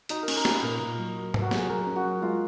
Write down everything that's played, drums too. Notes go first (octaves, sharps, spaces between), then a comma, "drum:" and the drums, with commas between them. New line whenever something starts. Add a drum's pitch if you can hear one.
D#4 F#4, drum: hi-hat
A#4
C#4, drum: cymbal
A#4
C#4 B4, drum: snare
A#2 A#4
A#2
F#3
F#4
B4, drum: tom G#2
F#4
F#3 G#4, drum: snare
F#3 A#4
C#4
F#4
F#3
G#3 F4